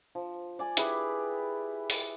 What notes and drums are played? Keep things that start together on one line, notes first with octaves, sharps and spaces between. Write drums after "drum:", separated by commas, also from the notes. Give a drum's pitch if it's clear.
F3
D5 G#5
E4 G4 G#4 B4, drum: hi-hat
drum: open hi-hat